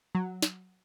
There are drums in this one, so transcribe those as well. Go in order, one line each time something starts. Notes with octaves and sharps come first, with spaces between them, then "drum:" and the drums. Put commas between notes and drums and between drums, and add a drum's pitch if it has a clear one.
F#3
drum: snare